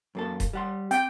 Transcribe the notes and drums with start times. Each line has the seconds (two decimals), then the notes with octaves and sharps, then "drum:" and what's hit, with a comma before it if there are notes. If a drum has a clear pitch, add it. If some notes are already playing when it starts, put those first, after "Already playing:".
0.15 F#2 A#3 A4
0.40 drum: kick D#1, hi-hat
0.53 G3 F#5 C6
0.91 C4 G5, drum: hi-hat